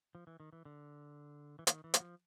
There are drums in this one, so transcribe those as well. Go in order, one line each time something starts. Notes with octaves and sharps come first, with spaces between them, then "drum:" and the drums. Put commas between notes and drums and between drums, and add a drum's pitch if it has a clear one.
F3
E3
D#3
E3
D3
E3
D#3, drum: hi-hat
E3
F#3, drum: hi-hat
F3